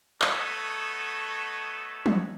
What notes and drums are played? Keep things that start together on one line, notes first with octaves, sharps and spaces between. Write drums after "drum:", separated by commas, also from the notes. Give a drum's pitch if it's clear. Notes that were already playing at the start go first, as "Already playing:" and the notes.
A3 B3 D#4 F#4 A4 C#5, drum: clap
drum: tom